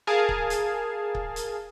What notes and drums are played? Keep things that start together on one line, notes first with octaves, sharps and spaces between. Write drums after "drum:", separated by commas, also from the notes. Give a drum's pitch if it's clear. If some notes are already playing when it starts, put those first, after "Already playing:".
G#4 A#4 F5 G#5 A5
drum: kick C#1
drum: hi-hat
drum: kick C#1
drum: hi-hat